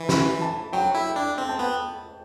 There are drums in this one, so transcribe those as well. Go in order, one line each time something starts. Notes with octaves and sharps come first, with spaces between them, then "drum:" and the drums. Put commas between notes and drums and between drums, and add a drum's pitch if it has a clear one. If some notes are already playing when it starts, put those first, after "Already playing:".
Already playing: E3
B5, drum: snare
A5
F#3 G5
E4
G5
D4
C4 G5
A5
B3 G5